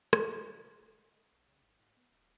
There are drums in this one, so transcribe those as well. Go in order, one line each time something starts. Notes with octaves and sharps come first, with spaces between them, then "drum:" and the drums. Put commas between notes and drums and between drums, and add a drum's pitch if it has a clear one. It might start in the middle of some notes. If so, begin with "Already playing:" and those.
drum: rim click
D2
D3
D3
E1
G#3
B1
C#3
G#1
G#2
B3
D#1